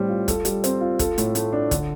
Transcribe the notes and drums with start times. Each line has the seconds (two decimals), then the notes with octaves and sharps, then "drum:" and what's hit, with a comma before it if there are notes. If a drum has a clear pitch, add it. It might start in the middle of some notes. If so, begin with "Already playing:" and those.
Already playing: A2 G3 C4 C5
0.09 F4
0.28 A4, drum: kick, hi-hat
0.45 G3, drum: hi-hat
0.64 C4, drum: hi-hat
0.81 F4
0.99 A4, drum: kick, hi-hat
1.18 A2, drum: hi-hat
1.35 A3, drum: hi-hat
1.52 D4
1.71 D3, drum: kick, hi-hat